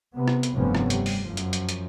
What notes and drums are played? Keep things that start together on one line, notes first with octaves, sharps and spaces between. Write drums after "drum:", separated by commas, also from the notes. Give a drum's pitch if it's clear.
C3 B3
drum: rim click
drum: hi-hat
F1 G2 C3 F3 B3 C#4
drum: rim click
G3, drum: hi-hat
drum: open hi-hat
F#2 F3
drum: hi-hat
drum: hi-hat
drum: hi-hat